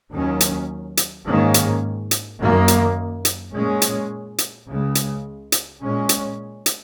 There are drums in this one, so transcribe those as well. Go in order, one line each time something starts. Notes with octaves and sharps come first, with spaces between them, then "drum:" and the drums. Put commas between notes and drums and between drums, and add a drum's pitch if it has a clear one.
D#2 D#3 F#3 C#4
drum: hi-hat
drum: hi-hat
G#2 D#3 A#3 C#4
drum: hi-hat
drum: hi-hat
F#2 D#3 A#3
drum: hi-hat
drum: hi-hat
A#2 G#3 C#4
drum: hi-hat
drum: hi-hat
C#2 C#3 G#3
drum: hi-hat
drum: hi-hat
A#2 G#3 C#4
drum: hi-hat
drum: hi-hat